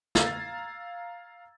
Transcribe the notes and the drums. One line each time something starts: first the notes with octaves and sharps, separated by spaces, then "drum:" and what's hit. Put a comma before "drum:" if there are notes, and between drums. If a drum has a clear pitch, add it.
F5 A#5 E6 G#6 A6, drum: snare